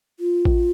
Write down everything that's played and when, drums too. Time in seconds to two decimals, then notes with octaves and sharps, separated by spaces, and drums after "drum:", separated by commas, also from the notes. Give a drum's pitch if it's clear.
0.20 F4
0.45 drum: kick A1